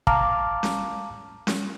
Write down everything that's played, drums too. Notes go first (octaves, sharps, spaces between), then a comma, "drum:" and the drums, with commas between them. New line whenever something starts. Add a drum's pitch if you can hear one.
F5 A5 A#5 D6 F6, drum: kick
drum: snare C#4
drum: snare C#4